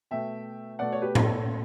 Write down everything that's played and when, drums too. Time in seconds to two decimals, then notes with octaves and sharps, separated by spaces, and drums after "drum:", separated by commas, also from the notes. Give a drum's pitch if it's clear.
0.11 B2 A3 E5 G5
0.79 B2 A3 D5 F#5
0.92 C#5
1.02 G4 B4
1.15 B4, drum: tom A2
1.25 A4 C#5
1.47 B2 A3